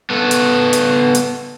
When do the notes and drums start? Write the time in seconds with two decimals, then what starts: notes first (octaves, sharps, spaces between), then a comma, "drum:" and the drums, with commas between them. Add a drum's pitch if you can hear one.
0.10 B3 A4
0.31 drum: hi-hat
0.73 drum: hi-hat
1.15 drum: hi-hat